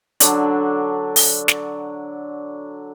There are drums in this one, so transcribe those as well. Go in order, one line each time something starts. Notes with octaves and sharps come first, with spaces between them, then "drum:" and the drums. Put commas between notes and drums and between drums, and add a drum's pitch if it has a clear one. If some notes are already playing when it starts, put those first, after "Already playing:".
D3 F#3 D4, drum: hi-hat
drum: open hi-hat
drum: snare